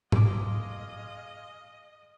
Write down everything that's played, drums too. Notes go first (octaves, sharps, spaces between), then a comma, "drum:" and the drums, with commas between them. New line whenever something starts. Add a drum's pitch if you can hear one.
G#3 D#5 F5 C6 D6, drum: tom